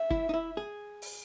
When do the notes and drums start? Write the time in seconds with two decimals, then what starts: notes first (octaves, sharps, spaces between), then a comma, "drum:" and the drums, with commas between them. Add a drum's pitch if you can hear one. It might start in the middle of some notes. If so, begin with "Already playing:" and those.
Already playing: E5
0.11 E4, drum: kick
0.29 D#4
0.34 E4
0.57 G#4
1.02 drum: open hi-hat